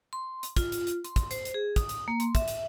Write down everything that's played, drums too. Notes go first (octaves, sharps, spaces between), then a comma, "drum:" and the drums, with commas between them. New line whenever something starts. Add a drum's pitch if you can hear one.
C6
drum: hi-hat
F4, drum: kick, hi-hat
drum: hi-hat
drum: hi-hat
C6, drum: hi-hat
drum: kick, hi-hat
C5, drum: hi-hat
drum: hi-hat
G#4
D#6, drum: kick, hi-hat
drum: hi-hat
A#3
C6, drum: hi-hat
E5, drum: kick, hi-hat
drum: hi-hat